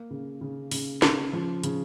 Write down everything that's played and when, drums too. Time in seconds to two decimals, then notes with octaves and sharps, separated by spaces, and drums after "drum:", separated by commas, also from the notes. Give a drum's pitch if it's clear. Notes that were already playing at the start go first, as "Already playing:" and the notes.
Already playing: A#3
0.11 C#3
0.41 C#3
0.71 C#3, drum: open hi-hat
1.02 C#3, drum: snare
1.33 F3
1.64 C#3, drum: hi-hat